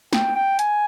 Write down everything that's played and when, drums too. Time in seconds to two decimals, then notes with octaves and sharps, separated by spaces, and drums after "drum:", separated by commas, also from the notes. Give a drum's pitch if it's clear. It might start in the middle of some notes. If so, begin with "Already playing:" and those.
0.13 G5, drum: snare
0.35 G5
0.59 G#5, drum: hi-hat